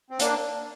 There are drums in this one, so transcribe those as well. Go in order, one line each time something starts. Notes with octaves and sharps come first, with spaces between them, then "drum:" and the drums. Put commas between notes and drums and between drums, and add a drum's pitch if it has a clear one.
C4
A#3 D4, drum: hi-hat